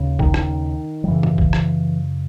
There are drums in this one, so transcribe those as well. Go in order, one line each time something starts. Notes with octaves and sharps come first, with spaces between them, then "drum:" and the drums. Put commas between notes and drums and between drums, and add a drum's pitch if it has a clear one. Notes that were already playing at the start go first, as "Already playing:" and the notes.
Already playing: D#2 C#3
D#3, drum: kick A#1
drum: rim click
F#3
F#2 C#3 E3
drum: tom G#2
drum: kick A#1
drum: rim click